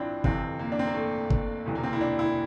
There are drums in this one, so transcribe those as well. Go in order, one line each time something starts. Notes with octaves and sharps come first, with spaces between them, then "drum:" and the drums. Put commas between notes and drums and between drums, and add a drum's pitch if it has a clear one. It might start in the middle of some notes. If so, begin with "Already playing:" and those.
Already playing: A1 G2 C4 D4 E4 F4
G1 F2 C3 E3 C4, drum: kick G1
A#3
D4
C4
A#3
A3
drum: kick G1
E1 D2 C3 E3
A#3
C4
E4
D4
E4